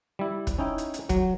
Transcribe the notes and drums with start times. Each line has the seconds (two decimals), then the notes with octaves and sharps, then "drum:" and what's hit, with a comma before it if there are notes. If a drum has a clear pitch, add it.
0.19 G3 E4
0.47 drum: kick, hi-hat
0.58 C#4 D#4 E4 G5
0.78 drum: hi-hat
0.94 drum: hi-hat
1.09 F#3, drum: kick, hi-hat